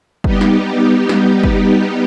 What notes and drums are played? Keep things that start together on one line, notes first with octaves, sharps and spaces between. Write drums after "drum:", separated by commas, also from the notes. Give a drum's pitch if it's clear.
G3 B3 D#4 G4, drum: kick
drum: snare
drum: snare
drum: kick